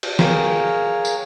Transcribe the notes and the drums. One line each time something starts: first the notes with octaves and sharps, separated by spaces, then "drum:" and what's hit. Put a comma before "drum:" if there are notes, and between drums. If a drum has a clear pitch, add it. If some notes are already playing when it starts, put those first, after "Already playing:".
drum: cymbal
G#4 A#4 C#5 F5 G5 A#5, drum: snare
drum: tambourine